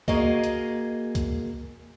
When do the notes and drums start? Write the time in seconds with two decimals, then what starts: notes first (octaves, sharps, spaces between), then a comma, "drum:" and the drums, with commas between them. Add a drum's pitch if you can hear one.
0.08 A#3 F#4 G#4 D#5, drum: kick
0.44 drum: hi-hat
1.15 drum: kick, hi-hat